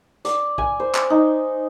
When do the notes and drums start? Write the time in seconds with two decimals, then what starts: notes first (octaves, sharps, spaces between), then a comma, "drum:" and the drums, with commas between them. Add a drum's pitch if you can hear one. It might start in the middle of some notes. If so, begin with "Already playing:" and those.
0.25 D5, drum: hi-hat
0.58 G#5, drum: kick A#1
0.80 C5
0.95 drum: clap
1.10 D#4